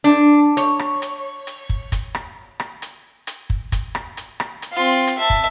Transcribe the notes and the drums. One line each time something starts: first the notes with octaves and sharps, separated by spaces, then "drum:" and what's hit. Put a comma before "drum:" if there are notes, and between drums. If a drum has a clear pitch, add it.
D4
C#5, drum: hi-hat
drum: rim click
drum: hi-hat
drum: hi-hat
drum: kick
drum: kick, hi-hat
drum: rim click
drum: rim click
drum: hi-hat
drum: hi-hat
drum: kick
drum: kick, hi-hat
drum: rim click
drum: hi-hat
drum: rim click
drum: hi-hat
C4 F4
drum: hi-hat
E5 A5
drum: kick